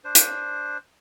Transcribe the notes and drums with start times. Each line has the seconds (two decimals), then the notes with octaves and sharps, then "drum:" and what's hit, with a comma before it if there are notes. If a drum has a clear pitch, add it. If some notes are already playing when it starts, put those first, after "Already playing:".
0.04 D4 C5
0.15 drum: hi-hat